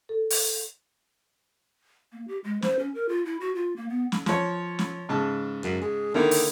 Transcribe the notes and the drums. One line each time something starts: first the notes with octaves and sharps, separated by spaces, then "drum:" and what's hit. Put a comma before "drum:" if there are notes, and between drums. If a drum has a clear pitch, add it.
A4
drum: open hi-hat
A#3
G4
G#3
C5, drum: snare
C#4
A#4
F4
E4
F#4
F4
A#3
B3
drum: snare
F3 C#5, drum: snare
drum: snare
G#2 C#3 A5
F#2
G#3
D3 D#3 A#3 E4
drum: open hi-hat